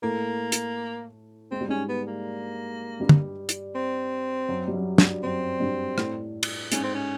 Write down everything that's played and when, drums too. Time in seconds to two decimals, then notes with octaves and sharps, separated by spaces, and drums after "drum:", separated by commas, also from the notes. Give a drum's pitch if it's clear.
0.02 A2 A3 A#3
0.52 drum: hi-hat
1.51 G#3 C4
1.61 G3
1.69 G#2 G#3 C#4
1.89 B3
2.07 A#3
3.00 G2 G3
3.09 drum: tom
3.49 drum: hi-hat
3.75 C4
4.49 F#2 F#3
4.68 G3
4.74 F#2 F#3
4.98 G2 G3, drum: snare
5.23 F#2 F#3 C4
5.60 G2 G3
5.98 A2 A3, drum: rim click
6.43 drum: cymbal
6.72 G#2 G#3 C#4, drum: hi-hat
6.84 C4
6.95 C#4